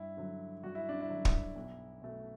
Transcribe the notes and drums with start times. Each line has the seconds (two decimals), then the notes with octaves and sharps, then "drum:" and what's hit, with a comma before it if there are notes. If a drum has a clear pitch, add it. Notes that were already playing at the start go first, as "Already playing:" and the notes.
Already playing: G2 E4
0.17 D3 F#3
0.63 G2 F#4
0.75 E4
0.89 D4
1.01 E4
1.09 D3 F#3
1.25 drum: kick
1.55 B1
2.02 B2 A3